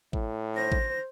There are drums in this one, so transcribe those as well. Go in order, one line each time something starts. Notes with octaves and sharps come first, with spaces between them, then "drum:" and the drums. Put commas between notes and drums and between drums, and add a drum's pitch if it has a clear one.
A2, drum: kick A1
C5 A#6
drum: kick A1